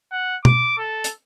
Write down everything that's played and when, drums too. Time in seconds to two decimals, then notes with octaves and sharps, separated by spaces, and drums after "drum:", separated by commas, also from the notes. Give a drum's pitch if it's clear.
0.12 F#5
0.45 D6, drum: tom
0.78 A4
1.04 drum: hi-hat